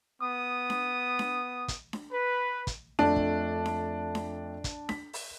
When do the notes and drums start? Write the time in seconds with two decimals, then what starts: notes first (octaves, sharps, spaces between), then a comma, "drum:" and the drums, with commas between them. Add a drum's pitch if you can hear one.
0.20 B3 D#6
0.70 drum: snare D4
1.19 drum: snare D4
1.68 drum: kick, hi-hat
1.93 drum: snare D4
2.12 B4
2.67 drum: kick, hi-hat
2.99 F2 A3 D4
3.16 drum: kick
3.66 drum: snare D4
4.15 drum: snare D4
4.64 drum: kick, hi-hat
4.89 B6, drum: snare D4
5.13 drum: open hi-hat